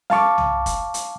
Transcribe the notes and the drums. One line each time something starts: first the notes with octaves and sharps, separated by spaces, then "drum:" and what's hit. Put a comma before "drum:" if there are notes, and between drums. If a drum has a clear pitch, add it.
F5 A5 C#6 D6, drum: snare
drum: tom
drum: kick, hi-hat
drum: hi-hat